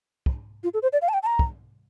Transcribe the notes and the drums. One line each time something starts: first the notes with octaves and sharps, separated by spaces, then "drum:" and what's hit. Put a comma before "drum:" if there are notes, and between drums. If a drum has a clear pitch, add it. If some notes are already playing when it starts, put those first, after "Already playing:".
drum: kick
F4
A4
C5
D5
F5
A5
G5
A5
A#5
drum: kick